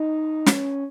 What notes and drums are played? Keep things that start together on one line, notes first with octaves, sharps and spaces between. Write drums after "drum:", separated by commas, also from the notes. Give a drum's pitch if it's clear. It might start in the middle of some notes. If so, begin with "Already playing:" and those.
Already playing: D#4
C#4, drum: snare